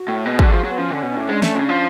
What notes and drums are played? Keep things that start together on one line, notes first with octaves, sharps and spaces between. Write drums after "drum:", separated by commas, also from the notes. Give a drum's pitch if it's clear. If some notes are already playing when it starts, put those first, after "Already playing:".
Already playing: F#4
A2
B2 G#4
D3 F#4, drum: kick
F3
F#3 F4
B3
F3 C#4
D3 C#4
B2
A2 D4
G#3
A3, drum: snare
C#3
F3